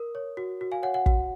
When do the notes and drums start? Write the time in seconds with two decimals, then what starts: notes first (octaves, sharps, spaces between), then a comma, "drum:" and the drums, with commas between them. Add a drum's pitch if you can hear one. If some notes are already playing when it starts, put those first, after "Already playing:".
Already playing: A#4 D#6
0.15 C#5
0.37 F#4
0.61 F#4
0.72 F5 G#5
0.83 C#5 F#5
0.94 F#5
1.06 F#4, drum: kick